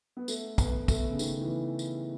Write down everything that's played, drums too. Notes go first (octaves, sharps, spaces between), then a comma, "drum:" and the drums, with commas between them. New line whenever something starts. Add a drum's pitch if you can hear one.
B3
A3, drum: tambourine
B3, drum: kick, tambourine
A3, drum: kick, tambourine
C#3
D#3, drum: tambourine
E3
drum: tambourine